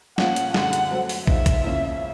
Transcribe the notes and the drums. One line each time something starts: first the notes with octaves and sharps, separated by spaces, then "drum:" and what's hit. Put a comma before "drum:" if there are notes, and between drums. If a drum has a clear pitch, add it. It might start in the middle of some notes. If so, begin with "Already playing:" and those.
A#2 F3 A#3 C#4 F#5, drum: snare
drum: hi-hat
F#2 D3 G3 F#5, drum: snare
drum: hi-hat
F#3 A3 C4
drum: open hi-hat
G#2 D#3 G#3 C4 F4 E5, drum: kick
drum: kick, hi-hat
C#3 F3 A#3 C#4 E4